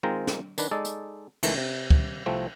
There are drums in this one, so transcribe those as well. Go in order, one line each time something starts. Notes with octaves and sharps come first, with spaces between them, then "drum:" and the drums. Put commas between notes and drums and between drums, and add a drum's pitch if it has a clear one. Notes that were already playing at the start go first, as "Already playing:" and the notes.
D#3 G#3 C4 F4 G5 A#5
drum: snare
D#3 D4 B4, drum: tambourine
G#3 D#4 A4 D5
drum: hi-hat
C#2 D#3 E3 A3, drum: cymbal
C3
drum: kick
C2 F3 A3 C4